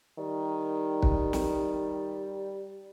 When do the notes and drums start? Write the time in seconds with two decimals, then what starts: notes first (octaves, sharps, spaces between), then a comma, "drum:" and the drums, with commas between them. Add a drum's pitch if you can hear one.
0.19 D#3 G3
1.02 drum: kick
1.33 drum: snare